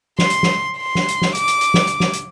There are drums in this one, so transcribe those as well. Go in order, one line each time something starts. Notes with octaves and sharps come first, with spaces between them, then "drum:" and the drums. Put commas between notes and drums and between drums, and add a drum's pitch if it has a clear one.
C6, drum: snare
drum: hi-hat
drum: snare
C6
drum: snare
drum: hi-hat
drum: snare
D6, drum: hi-hat
drum: hi-hat
drum: hi-hat
drum: snare
drum: hi-hat
drum: snare
drum: hi-hat